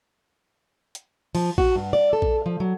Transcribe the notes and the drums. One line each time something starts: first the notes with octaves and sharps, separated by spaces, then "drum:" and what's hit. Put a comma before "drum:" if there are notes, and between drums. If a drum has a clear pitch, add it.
drum: hi-hat
F3, drum: cymbal
F#4, drum: kick A#1
G2
D5
A4
drum: kick A#1
F3
F#3